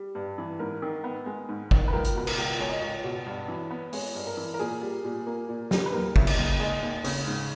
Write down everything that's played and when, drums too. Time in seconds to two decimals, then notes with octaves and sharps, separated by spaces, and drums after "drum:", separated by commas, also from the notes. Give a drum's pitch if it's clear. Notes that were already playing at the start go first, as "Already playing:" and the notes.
Already playing: G3
0.15 G2
0.38 E3
0.59 G#2 A#4
0.82 D#3
1.04 B3
1.26 G#3
1.49 G#2
1.71 D#3, drum: kick
1.88 B4
1.93 C#2 A#4
2.04 drum: hi-hat
2.15 B2 B4
2.27 A#4, drum: cymbal
2.38 C#2
2.59 G#3 C#5
2.70 D#5
2.80 C#2 C#5
3.04 B2
3.26 G2
3.48 E3
3.71 B3
3.93 G#3 C#5, drum: open hi-hat
4.15 G2
4.27 A#4
4.37 E3
4.54 A#4
4.60 A#2 G#4
4.82 G3
5.04 A#2
5.27 A#3
5.49 A#2
5.71 G3, drum: snare
5.86 B4
5.93 D#2 A#4
6.16 C#3 E5, drum: kick
6.27 D#5, drum: cymbal
6.37 D#2
6.60 G#3 D#5
6.83 D#2
7.04 C#3, drum: open hi-hat
7.26 G#2